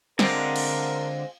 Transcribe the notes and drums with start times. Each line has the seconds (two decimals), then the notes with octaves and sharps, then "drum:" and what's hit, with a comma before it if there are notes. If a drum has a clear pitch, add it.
0.19 D3 G#3 C4 F4 A#4 D5, drum: snare
0.56 drum: cymbal